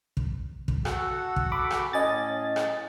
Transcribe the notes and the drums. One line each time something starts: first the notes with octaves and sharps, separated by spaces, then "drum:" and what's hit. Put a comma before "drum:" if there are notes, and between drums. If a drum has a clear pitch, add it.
drum: kick
drum: kick
F#4 A4 F#5, drum: rim click
drum: kick
B5 D6
drum: rim click
A2 C#4 D#5 G#5 A6
drum: rim click